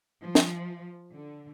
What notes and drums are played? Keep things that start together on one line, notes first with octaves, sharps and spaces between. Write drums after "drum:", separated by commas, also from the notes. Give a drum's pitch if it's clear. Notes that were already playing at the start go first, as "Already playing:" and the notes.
F3
drum: snare
D3